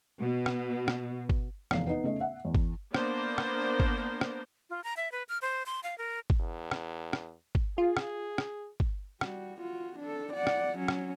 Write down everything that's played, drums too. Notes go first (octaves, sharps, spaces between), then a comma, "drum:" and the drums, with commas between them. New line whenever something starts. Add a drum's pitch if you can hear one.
B2
drum: rim click
drum: rim click
drum: kick
F1 E2 F5 C7, drum: rim click
B3 D#4
C#3 A3 D#5
E5 F#5
E2
drum: kick
A#3 B3 D4 A#4 C5, drum: rim click
drum: rim click
drum: kick
drum: rim click
F4
A#5
E5
B4
F6
C5
C6
F5
A#4
drum: kick
E2
drum: rim click
drum: rim click
drum: kick
F4 G#4
drum: rim click
drum: rim click
drum: kick
G3 F#4, drum: rim click
F4 F#4
D4 A4
D5 F#5
drum: rim click
F#3 C#4
drum: rim click